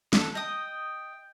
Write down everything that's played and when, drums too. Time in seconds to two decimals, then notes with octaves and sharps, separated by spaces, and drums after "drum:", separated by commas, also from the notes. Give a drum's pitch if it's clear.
0.13 A4 F#6, drum: snare
0.35 D#5 G5 D#6